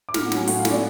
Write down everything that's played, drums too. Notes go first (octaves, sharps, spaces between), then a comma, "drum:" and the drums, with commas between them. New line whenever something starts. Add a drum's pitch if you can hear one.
D6
A2 F6, drum: snare
F#5
F#3, drum: snare
G#5
A2 F#5, drum: open hi-hat
F5
A2, drum: snare
D5